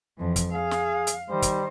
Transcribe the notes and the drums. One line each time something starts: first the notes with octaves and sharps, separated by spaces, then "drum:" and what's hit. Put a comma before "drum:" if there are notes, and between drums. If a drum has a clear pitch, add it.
F2 E3
drum: kick, hi-hat
G#4 F5
drum: snare
drum: hi-hat
D#3 G3 C5
drum: kick, hi-hat